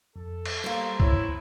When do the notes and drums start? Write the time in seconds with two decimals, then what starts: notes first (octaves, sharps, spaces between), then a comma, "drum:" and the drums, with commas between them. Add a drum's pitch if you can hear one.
0.16 F2 A4
0.45 drum: cymbal
0.64 G3 A#3 C5 F5
1.00 E4 C#5 E6, drum: kick